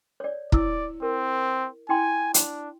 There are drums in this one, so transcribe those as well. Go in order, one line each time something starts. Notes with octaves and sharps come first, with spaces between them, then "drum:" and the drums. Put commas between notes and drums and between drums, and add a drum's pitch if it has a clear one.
C#5 D5
E4 D5 E6, drum: kick
C4 A#4
E4 G5 G#5 C6
D4, drum: hi-hat